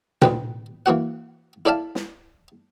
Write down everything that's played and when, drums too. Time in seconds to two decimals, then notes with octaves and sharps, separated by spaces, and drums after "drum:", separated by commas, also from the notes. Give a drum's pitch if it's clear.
0.22 D2 B4 G5, drum: tom A#2
0.86 E3 A#3 F#4 F#5
1.65 E4 A4 D5 E5 F5 A5
1.95 drum: snare